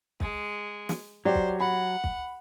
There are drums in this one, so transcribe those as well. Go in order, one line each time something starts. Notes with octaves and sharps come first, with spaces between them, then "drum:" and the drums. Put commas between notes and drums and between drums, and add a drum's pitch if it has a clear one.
G#3, drum: kick
drum: snare
F#3 G4 C5 D5
drum: kick
F#5 B5
drum: kick